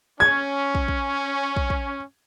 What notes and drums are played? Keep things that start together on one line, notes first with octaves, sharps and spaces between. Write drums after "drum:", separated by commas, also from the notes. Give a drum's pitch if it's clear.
C#4 G#6
drum: kick
drum: kick
drum: kick
drum: kick